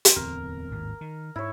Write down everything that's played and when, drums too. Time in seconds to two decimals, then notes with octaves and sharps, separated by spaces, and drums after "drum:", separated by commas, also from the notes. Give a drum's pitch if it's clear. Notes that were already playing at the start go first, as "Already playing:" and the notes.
0.05 drum: hi-hat
0.16 D1 E2 C4 A#4
0.71 G#1 D#2 A2
1.01 D#3
1.36 G#2 E4 C#5